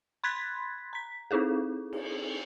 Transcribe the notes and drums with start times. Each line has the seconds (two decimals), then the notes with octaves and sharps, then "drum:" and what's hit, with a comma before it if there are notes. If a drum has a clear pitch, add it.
0.24 B5 C6 F#6 G#6 A6 B6
0.93 A#5 B6
1.31 C4 D#4 E4 G#4 A4
1.93 drum: cymbal